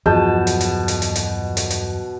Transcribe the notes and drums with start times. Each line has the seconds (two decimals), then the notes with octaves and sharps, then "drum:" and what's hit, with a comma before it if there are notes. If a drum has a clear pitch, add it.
0.06 E2 G2 B2 F3 F#3 G#4 A5 G6
0.47 drum: hi-hat
0.61 drum: hi-hat
0.88 drum: hi-hat
1.02 drum: hi-hat
1.16 drum: hi-hat
1.57 drum: hi-hat
1.70 drum: hi-hat